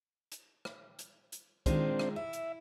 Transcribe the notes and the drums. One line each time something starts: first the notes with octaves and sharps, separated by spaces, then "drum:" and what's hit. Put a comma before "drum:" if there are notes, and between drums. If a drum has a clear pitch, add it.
drum: hi-hat
drum: rim click
drum: hi-hat
drum: hi-hat
D#3 G#3 C4 D4 F4 C5, drum: kick, hi-hat
drum: rim click
E4 E5
drum: hi-hat